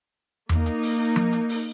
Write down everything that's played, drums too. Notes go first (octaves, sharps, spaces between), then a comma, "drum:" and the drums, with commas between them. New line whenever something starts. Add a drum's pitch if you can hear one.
A#3 D#4, drum: tom E2
drum: hi-hat
drum: open hi-hat
drum: tom F3
drum: hi-hat
drum: open hi-hat